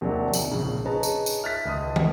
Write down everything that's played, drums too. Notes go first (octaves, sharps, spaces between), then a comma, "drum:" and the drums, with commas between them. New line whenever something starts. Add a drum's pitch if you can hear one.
D#2 C3 D#3 F#3 D4
C3 F#7, drum: tambourine
A#1 C#3
D#4 G#4 B4 C#5 A5 A#5
drum: tambourine
drum: tambourine
E5 F6 F#6 A6 B6
C#2 D#5 A5 D#6
drum: tom